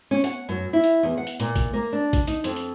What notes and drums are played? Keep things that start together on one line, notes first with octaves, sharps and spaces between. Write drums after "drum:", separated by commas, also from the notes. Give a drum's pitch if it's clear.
C#4
F#5, drum: hi-hat
F#2
E4
drum: hi-hat
E2
F#5
drum: hi-hat
A#2, drum: hi-hat
drum: kick, hi-hat
A#3
D4
drum: kick, hi-hat
D#4, drum: hi-hat
F2, drum: hi-hat
drum: hi-hat